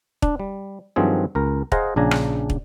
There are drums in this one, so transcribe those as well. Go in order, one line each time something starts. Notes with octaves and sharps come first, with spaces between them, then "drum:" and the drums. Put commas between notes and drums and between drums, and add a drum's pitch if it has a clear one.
D4, drum: kick
G3
G2 D#3 F3 F#3 C4 G#4
C#2 A#4
G#4 C5 D#5 F5 F#5 A#5, drum: kick
A#1 C#3 D4 G#5 A#5
drum: rim click
drum: kick